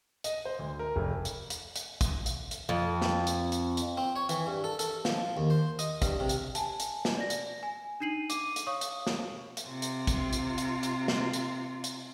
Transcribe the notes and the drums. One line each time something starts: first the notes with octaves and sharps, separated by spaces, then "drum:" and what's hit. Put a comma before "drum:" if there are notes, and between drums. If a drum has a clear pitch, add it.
D#5, drum: hi-hat
C5
D2
A#4
F1
drum: hi-hat
drum: hi-hat
drum: hi-hat
drum: kick, hi-hat
drum: hi-hat
drum: hi-hat
F2
drum: snare
drum: hi-hat
drum: hi-hat
drum: hi-hat
C4
C#5
E3, drum: hi-hat
G2
A4
A4, drum: hi-hat
F3, drum: snare
D#2
C5
D#5, drum: hi-hat
G2, drum: kick, hi-hat
C3
drum: hi-hat
G#5 A5, drum: hi-hat
drum: hi-hat
drum: snare
D5 A#6
drum: hi-hat
G#5
D4 D#4 C7 D#7 F#7
D6 D#7, drum: hi-hat
drum: hi-hat
C#5 F5 C#6 D#6
drum: hi-hat
drum: snare
drum: hi-hat
C3 F4
drum: hi-hat
drum: kick, hi-hat
drum: hi-hat
drum: hi-hat
drum: hi-hat
drum: snare
drum: hi-hat
drum: hi-hat